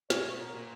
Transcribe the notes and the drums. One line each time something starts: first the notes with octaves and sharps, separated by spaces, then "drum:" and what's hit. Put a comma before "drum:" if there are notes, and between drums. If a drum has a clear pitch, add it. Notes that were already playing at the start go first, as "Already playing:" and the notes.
B2 C#5, drum: snare
A#4
A#2